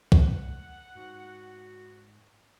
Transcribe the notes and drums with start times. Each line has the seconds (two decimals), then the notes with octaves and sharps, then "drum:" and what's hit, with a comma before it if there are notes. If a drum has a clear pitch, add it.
0.12 F#5, drum: kick
0.95 G#2 F#4